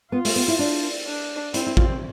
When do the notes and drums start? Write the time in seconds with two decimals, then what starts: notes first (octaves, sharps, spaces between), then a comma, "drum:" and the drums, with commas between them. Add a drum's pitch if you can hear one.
0.12 B3 F4
0.25 A3, drum: open hi-hat
0.36 B3
0.48 E4
0.59 D4
1.07 D4
1.54 C4 E4, drum: hi-hat
1.67 E4
1.77 F4, drum: kick A1